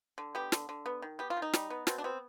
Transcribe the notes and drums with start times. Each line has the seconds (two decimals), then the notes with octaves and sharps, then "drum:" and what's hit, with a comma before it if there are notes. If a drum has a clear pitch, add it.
0.18 D3
0.35 B3 G4
0.52 D3, drum: snare
0.69 D3
0.86 B3
1.02 D#3
1.19 B3 G4
1.30 F4
1.37 D#3
1.42 D#4
1.53 G3, drum: snare
1.70 B3
1.87 B2 C4, drum: snare
1.98 D4
2.04 B3 C4